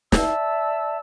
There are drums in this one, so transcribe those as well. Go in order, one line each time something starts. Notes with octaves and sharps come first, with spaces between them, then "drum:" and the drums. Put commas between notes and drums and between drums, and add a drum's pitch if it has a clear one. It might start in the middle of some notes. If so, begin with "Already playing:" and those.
D5 E5 A5 E6, drum: snare